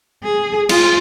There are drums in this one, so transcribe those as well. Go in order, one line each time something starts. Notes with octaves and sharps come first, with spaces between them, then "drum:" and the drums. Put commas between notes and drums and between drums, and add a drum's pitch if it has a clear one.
G#4
F4, drum: cymbal